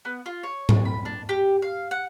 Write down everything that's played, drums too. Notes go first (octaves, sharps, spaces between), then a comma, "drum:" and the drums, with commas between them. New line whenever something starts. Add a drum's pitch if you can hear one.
B3
F4
C#5
drum: tom G#2
B5
D4
G4
F5
F#5